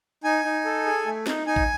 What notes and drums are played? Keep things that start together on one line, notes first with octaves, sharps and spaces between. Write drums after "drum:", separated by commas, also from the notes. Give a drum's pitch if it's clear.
D#4 G#5
D#4
A4
G#4
A3
D#4, drum: snare
D#4 G#5
drum: kick